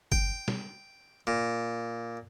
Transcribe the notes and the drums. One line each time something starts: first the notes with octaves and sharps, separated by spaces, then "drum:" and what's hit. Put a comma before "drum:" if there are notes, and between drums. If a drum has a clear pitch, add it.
G5, drum: kick G1
drum: snare G3
A#2